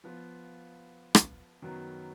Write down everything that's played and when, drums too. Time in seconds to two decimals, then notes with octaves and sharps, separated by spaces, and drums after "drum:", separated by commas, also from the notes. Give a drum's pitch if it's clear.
0.04 F3 B3 F4
1.15 drum: rim click
1.62 F#2 D#3 F#3 B3